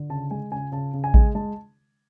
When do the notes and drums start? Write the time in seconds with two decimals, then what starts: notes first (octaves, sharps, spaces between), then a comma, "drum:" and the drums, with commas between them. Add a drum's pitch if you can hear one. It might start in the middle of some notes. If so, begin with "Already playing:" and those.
Already playing: D3
0.10 C#3 A5
0.31 G#3 G#5
0.51 C#3 G#5
0.72 C#3 A5
0.93 C#3
1.04 G#5
1.14 G#3, drum: kick A1
1.35 G#3 A5